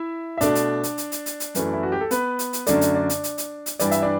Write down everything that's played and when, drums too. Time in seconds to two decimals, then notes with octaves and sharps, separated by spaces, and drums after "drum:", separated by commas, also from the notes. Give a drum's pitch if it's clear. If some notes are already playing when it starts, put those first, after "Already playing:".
Already playing: E4 E5
0.38 E5
0.41 B2 A3 D4 D5, drum: hi-hat
0.55 drum: hi-hat
0.83 drum: hi-hat
0.98 drum: hi-hat
1.12 drum: hi-hat
1.26 drum: hi-hat
1.40 drum: hi-hat
1.55 F#2 E3 A3, drum: hi-hat
1.73 E4
1.83 F#4
1.92 G4
2.01 A4
2.11 B3 B4, drum: hi-hat
2.39 drum: hi-hat
2.53 drum: hi-hat
2.67 F#2 D3 A3 D4 D5, drum: hi-hat
2.81 drum: hi-hat
2.95 D4 D5
3.09 drum: hi-hat
3.24 drum: hi-hat
3.38 drum: hi-hat
3.66 drum: hi-hat
3.80 G2 E3 G3 D5, drum: hi-hat
3.91 E5, drum: hi-hat
4.02 D4 D5